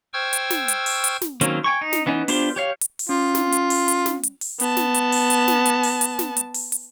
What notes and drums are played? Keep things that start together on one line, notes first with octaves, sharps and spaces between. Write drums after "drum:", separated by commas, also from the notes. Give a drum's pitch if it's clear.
C5 G5 C#6 E6 F6 G#6
drum: hi-hat
drum: snare
drum: hi-hat
drum: open hi-hat
drum: hi-hat
drum: snare
D#3 F#3 A#3 C4 C#4, drum: hi-hat
G5 G#5 C#6
D#4
drum: snare
E3 B3 C#4 D#4
B3 D4 F4 G4 C5, drum: open hi-hat
G4 C#5 F5
drum: hi-hat
drum: open hi-hat
C#4 F4
drum: snare
drum: hi-hat
drum: open hi-hat
drum: hi-hat
drum: snare
drum: hi-hat
drum: open hi-hat
B3 A5, drum: hi-hat
drum: snare
drum: hi-hat
drum: open hi-hat
drum: hi-hat
drum: snare
drum: hi-hat
drum: open hi-hat
drum: hi-hat
drum: snare
drum: hi-hat
drum: open hi-hat
drum: hi-hat